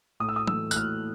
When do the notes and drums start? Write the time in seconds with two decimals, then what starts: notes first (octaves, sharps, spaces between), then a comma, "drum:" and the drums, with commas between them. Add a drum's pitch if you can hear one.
0.20 A2 D#6
0.29 E6
0.36 D#6
0.47 E3 A3 E6, drum: tom
0.71 F#6, drum: tambourine
0.76 A2 F6